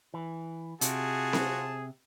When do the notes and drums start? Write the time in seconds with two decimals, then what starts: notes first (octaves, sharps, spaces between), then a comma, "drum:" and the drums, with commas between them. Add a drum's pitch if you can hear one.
0.14 E3
0.81 C3 F4 F#4 G#4 A5, drum: hi-hat
1.33 drum: snare C4